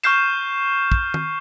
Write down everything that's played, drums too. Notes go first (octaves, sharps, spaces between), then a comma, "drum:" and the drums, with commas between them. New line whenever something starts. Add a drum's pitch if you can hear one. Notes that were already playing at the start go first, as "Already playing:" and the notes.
C#6 F6 G6 C7 E7, drum: tambourine
drum: kick
drum: tom